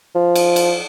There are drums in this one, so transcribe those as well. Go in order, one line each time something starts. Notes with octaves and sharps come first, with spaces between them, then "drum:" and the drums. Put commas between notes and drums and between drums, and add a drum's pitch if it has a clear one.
F3
drum: cymbal
drum: cymbal